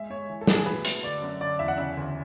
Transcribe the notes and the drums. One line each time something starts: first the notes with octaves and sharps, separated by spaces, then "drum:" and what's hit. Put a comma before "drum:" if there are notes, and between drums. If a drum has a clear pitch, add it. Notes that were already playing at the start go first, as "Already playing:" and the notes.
Already playing: G#3 E5
G#3 C#5
E3
A4
A2, drum: snare
G#4
B2 B4
A3, drum: hi-hat
D3 D5
F#2
D3 D5
E2 E5
F#5
C#3 E5
D2